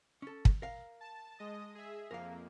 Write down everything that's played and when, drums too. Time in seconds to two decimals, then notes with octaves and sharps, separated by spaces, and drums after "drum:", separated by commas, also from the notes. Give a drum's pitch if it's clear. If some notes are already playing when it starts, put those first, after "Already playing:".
0.22 C#4 A4
0.45 drum: kick
0.62 A#4 F5
1.01 A5
1.39 G#3 D#5 D#6
1.75 G#4 E5
2.11 F2 A#3 A#4 F5